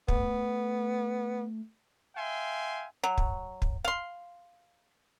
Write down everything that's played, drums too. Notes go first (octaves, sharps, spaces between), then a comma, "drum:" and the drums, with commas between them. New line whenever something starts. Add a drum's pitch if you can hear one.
A3 B3, drum: kick
E5 F5 G5 G#5 C6
F#3
drum: kick
drum: kick
F5 C6